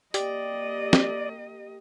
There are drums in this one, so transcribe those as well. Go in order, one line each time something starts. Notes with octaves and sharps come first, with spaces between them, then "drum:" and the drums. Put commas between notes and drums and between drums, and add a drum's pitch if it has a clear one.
A#3 G4 D5 D#5, drum: hi-hat
drum: snare